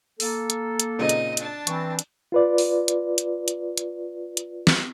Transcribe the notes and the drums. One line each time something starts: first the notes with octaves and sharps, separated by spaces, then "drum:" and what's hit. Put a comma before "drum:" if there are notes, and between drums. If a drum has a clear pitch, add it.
A#3 A4, drum: open hi-hat
drum: hi-hat
drum: hi-hat
A#2 C#3 C4 D#4 D#5
drum: hi-hat
D4 A5, drum: hi-hat
E3 C4 C#6, drum: hi-hat
drum: hi-hat
F4 B4 D5
drum: open hi-hat
drum: hi-hat
drum: hi-hat
drum: hi-hat
drum: hi-hat
drum: hi-hat
drum: snare